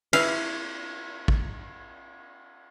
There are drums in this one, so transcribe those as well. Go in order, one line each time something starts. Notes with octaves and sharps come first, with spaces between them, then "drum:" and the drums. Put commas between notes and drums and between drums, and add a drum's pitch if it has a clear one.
E4 B4 F5, drum: cymbal
drum: kick